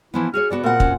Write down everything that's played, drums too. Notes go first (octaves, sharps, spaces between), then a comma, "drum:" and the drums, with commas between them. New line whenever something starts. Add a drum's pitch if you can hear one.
E3 F3 B3 E4
F#4 G#4 C#5 F6
C#3 B3 F#4 D5
A#2 C4 A#4 F#5
C#4 F#4, drum: kick